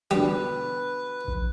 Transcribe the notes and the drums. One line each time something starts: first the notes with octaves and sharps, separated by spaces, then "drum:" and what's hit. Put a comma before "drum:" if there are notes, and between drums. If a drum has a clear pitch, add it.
B2 D3 G3 B4, drum: hi-hat
drum: kick A#1